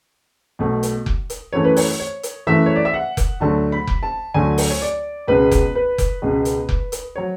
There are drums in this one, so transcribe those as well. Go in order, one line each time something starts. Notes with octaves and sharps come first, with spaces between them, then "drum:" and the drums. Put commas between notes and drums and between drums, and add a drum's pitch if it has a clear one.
B1 B2 A3
drum: hi-hat
drum: kick F1
drum: hi-hat
F#2 E3 A3 C#5
B4
C#5, drum: open hi-hat
C#5
drum: hi-hat
F#2 E3 A3 E5
C#5
D5
E5
F#5
drum: kick F1, hi-hat
D2 D3 F#3 A3 A5
B5
drum: kick F1
A5
D2 D3 F#3 A3 G#5
drum: open hi-hat
C#5
D5
C#2 B2 G#3 B4
drum: kick F1, hi-hat
B4
drum: kick F1, hi-hat
C#2 B2 G#3
drum: hi-hat
drum: kick F1
drum: hi-hat
F#3 C#5